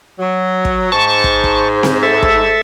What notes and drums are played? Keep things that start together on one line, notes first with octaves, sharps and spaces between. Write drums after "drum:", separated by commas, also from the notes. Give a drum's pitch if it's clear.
F#3
drum: kick
G#2 C5 A5 C#6
drum: kick
drum: kick
drum: snare C4
A4 E5
drum: kick